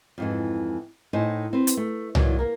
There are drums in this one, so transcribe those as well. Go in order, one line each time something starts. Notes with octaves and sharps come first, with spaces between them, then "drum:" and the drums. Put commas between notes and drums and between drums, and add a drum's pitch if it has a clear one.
F2 G#2 E3
A2 D#4 C5 G#5
C4 B4
drum: hi-hat
A3
A#2 D#3 E3 F#3, drum: tom C2
A#3 A#4